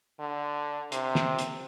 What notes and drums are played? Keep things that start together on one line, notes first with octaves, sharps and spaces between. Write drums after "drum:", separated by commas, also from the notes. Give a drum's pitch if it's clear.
D3
C3, drum: hi-hat
drum: snare
drum: hi-hat